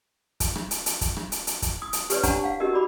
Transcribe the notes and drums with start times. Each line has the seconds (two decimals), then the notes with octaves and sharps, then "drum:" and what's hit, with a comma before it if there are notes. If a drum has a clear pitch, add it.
0.40 drum: kick, hi-hat
0.55 drum: rim click
0.71 drum: hi-hat
0.86 drum: hi-hat
1.01 drum: kick, hi-hat
1.17 drum: rim click
1.32 drum: hi-hat
1.47 drum: hi-hat
1.62 drum: kick, hi-hat
1.82 D#6
1.93 drum: hi-hat
2.10 G4 B4 C#5 D5, drum: hi-hat
2.23 D4 C5 F#5 A5 A#5 C#6, drum: kick, hi-hat
2.44 F5 F#5
2.60 D#4 F#4 G4 A#4 D#5
2.73 F#4 D5 B5 D6